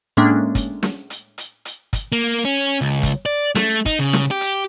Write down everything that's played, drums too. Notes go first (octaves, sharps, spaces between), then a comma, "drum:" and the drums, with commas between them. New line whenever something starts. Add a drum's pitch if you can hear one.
A2 G#3 A#3 C#4 D4
drum: kick, hi-hat
drum: snare
drum: hi-hat
drum: hi-hat
drum: hi-hat
drum: kick, hi-hat
A#3
C#4
C#2
drum: kick, hi-hat
D5
A3, drum: snare
D#4, drum: kick, hi-hat
C#3
drum: snare
G4
drum: hi-hat